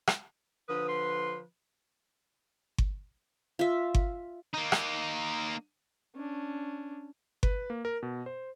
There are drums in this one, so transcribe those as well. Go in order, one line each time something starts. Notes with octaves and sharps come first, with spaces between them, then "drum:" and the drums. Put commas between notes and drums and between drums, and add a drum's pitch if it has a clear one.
drum: rim click
D3 F3 B4 D#6
C6
drum: kick G1
F4 E5
drum: kick G1
A#3 D#4
drum: rim click
C#4 D4
B4, drum: kick G1
A#3
A#4
B2
C5